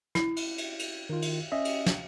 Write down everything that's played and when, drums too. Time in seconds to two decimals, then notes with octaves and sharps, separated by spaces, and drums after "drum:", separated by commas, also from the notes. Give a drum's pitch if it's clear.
0.15 E4, drum: snare
0.37 drum: cymbal
0.58 drum: cymbal
0.79 drum: cymbal
1.09 D#3 F4
1.22 drum: cymbal
1.52 C#4 D#5 E5
1.65 drum: cymbal
1.86 drum: snare